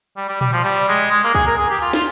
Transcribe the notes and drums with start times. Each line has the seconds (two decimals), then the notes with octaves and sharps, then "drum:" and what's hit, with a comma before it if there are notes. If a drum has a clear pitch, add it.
0.17 G3
0.29 G3
0.41 G3, drum: tom A#2
0.53 F3
0.64 G3, drum: tambourine
0.89 G#3
1.12 G#3
1.24 A#3
1.34 G#4, drum: kick C2
1.47 A#4
1.58 G#4
1.70 G4
1.81 F4
1.93 F4, drum: snare